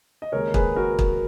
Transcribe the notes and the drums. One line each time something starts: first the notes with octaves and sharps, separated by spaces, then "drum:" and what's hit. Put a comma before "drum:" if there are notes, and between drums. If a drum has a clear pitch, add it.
D#5
D#2 C#3 G#3 A#4 C#5
G#4 B4, drum: kick
F#4 A#4
drum: kick